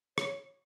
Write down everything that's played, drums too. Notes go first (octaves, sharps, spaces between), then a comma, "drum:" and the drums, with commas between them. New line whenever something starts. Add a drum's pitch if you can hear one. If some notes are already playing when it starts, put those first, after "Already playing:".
C#5, drum: rim click